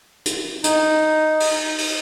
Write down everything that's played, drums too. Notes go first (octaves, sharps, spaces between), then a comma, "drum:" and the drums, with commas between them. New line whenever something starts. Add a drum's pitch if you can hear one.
drum: hi-hat
D#4, drum: hi-hat
drum: open hi-hat
drum: open hi-hat